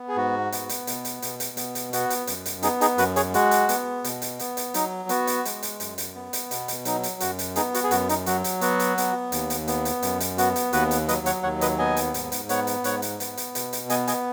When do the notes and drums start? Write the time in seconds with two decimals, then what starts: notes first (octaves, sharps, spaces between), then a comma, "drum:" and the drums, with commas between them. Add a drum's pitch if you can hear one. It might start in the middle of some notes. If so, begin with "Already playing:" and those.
Already playing: B3
0.08 G#4
0.16 G#2 F#4
0.52 B3, drum: hi-hat
0.69 drum: hi-hat
0.87 B2, drum: hi-hat
1.05 drum: hi-hat
1.22 B2, drum: hi-hat
1.40 drum: hi-hat
1.57 B3, drum: hi-hat
1.75 drum: hi-hat
1.93 B3 F#4, drum: hi-hat
2.10 drum: hi-hat
2.27 F#2, drum: hi-hat
2.46 drum: hi-hat
2.63 B3 D#4 G#4, drum: hi-hat
2.81 D#4 G#4, drum: hi-hat
2.98 F#2 F#4 B4, drum: hi-hat
3.16 G#4 C#5, drum: hi-hat
3.34 G#3 F#4, drum: hi-hat
3.51 drum: hi-hat
3.69 B3, drum: hi-hat
4.04 B2, drum: hi-hat
4.22 drum: hi-hat
4.39 B3, drum: hi-hat
4.57 drum: hi-hat
4.74 F#3 D#4, drum: hi-hat
5.09 B3 F#4, drum: hi-hat
5.27 drum: hi-hat
5.45 G#3, drum: hi-hat
5.63 drum: hi-hat
5.80 F#2, drum: hi-hat
5.98 drum: hi-hat
6.15 B3
6.33 drum: hi-hat
6.51 B2, drum: hi-hat
6.68 drum: hi-hat
6.85 F#3 D#4, drum: hi-hat
7.03 drum: hi-hat
7.20 F#2 F#4, drum: hi-hat
7.39 drum: hi-hat
7.56 B3 D#4 G#4, drum: hi-hat
7.74 F#4, drum: hi-hat
7.84 G#4
7.91 F#2 F#4, drum: hi-hat
8.09 D#4, drum: hi-hat
8.26 F#3 F#4, drum: hi-hat
8.44 drum: hi-hat
8.61 B3 F#4, drum: hi-hat
8.80 drum: hi-hat
8.98 B3, drum: hi-hat
9.32 D#2, drum: hi-hat
9.50 drum: hi-hat
9.68 B3, drum: hi-hat
9.85 drum: hi-hat
10.02 F#2, drum: hi-hat
10.20 drum: hi-hat
10.38 B3 F#4, drum: hi-hat
10.56 drum: hi-hat
10.73 D#2 F#4 B4, drum: hi-hat
10.91 drum: hi-hat
11.09 F#3 B4 D#5, drum: hi-hat
11.26 C#5 F#5, drum: hi-hat
11.43 D#2 C#5 F#5
11.61 B4 D#5, drum: hi-hat
11.79 B3 D#5 G#5
11.97 drum: hi-hat
12.14 G#2, drum: hi-hat
12.32 drum: hi-hat
12.49 B3 C#5 F#5, drum: hi-hat
12.67 drum: hi-hat
12.84 G#2 C#5 F#5, drum: hi-hat
13.02 drum: hi-hat
13.20 B3, drum: hi-hat
13.37 drum: hi-hat
13.55 B2, drum: hi-hat
13.73 drum: hi-hat
13.90 B3 D#5 G#5, drum: hi-hat
14.07 D#5 G#5, drum: hi-hat